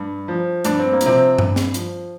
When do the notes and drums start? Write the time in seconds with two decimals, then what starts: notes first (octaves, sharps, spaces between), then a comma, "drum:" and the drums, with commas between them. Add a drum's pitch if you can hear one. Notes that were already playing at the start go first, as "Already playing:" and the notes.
Already playing: G2
0.28 F3
0.64 G2 D4, drum: hi-hat
0.79 C4
0.93 A#3
1.01 F3, drum: hi-hat
1.06 C3 C4
1.39 G2, drum: tom G2
1.56 drum: snare
1.74 F3, drum: hi-hat